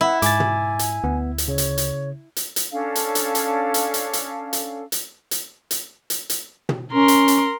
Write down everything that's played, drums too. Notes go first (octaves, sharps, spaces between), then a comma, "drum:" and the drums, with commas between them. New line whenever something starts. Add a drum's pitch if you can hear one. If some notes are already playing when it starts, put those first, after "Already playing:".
E4 F#5
G#2 G#5 D6 A6, drum: hi-hat
drum: tom
drum: hi-hat
D2 B3
drum: hi-hat
C#3 C#5
drum: hi-hat
drum: hi-hat
drum: hi-hat
drum: hi-hat
C#4 D4 A4 F5
drum: hi-hat
drum: hi-hat
drum: hi-hat
drum: hi-hat
drum: hi-hat
drum: hi-hat
drum: hi-hat
drum: hi-hat
drum: hi-hat
drum: hi-hat
drum: hi-hat
drum: hi-hat
drum: tom
C#4 A#4 C6
drum: hi-hat
drum: hi-hat